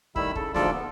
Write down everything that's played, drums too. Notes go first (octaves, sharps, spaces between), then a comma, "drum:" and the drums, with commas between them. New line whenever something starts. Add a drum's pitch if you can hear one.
A2 D#3 G3 E4 B5 E6, drum: kick
C#3 A4, drum: kick
D2 G#2 F3 F4 A4 D5, drum: snare
B3